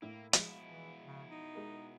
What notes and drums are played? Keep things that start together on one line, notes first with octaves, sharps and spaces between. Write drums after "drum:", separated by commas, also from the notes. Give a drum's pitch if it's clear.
A2 A#3 E4
B2 F3 G#3 E4, drum: hi-hat
E3
C#3
D#4
G#3 A#4